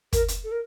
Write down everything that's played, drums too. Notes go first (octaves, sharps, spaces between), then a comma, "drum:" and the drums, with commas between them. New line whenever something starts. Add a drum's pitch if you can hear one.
A#4, drum: kick, hi-hat
drum: hi-hat
A4
A#4